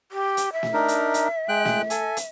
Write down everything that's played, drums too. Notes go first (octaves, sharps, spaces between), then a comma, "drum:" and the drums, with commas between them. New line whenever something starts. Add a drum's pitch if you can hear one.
G4
drum: hi-hat
E5
drum: snare
D4 D#4 A#4
drum: hi-hat
drum: hi-hat
G#3 G5 F#6
drum: snare
A4 G#5, drum: hi-hat
drum: hi-hat